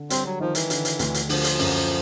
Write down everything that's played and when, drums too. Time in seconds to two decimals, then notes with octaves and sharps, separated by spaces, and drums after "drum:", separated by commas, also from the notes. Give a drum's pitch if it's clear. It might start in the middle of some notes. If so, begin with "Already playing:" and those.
Already playing: D3
0.10 G3 C4, drum: hi-hat
0.25 F#3
0.40 D#3 F3
0.55 E3, drum: hi-hat
0.70 D3, drum: hi-hat
0.85 drum: hi-hat
0.99 D2, drum: hi-hat
1.14 drum: hi-hat
1.29 D3 F3, drum: open hi-hat
1.44 drum: hi-hat
1.59 F#2, drum: open hi-hat